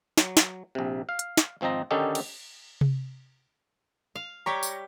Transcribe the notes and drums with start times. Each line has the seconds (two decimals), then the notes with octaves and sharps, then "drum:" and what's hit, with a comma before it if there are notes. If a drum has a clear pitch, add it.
0.18 F#3, drum: snare
0.37 drum: snare
0.75 A#1 C3
1.09 F5
1.19 drum: hi-hat
1.37 drum: snare
1.61 G#1 F3 C4 D#4 A#5
1.91 D3 D#3 C#4 D#4 G4 A4
2.15 drum: cymbal
2.81 drum: tom C3
4.15 F5
4.46 G3 G4 C#5 A#5 C#6 B6
4.63 drum: tambourine